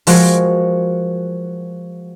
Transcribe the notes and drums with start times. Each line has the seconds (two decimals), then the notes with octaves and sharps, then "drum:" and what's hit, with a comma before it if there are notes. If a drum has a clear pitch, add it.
0.07 F3 G#3 F#4 A#4, drum: open hi-hat